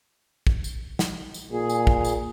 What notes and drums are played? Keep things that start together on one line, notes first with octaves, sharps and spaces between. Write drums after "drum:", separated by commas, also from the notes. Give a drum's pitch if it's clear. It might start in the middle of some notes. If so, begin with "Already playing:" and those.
drum: kick
drum: tambourine
drum: snare
drum: tambourine
A#2 G#4
drum: tambourine
drum: kick
drum: tambourine